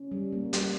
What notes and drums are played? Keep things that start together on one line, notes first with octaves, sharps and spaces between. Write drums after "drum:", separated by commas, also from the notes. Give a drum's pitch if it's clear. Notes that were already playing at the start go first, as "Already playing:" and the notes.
Already playing: C#4
G3
A#3
G3, drum: hi-hat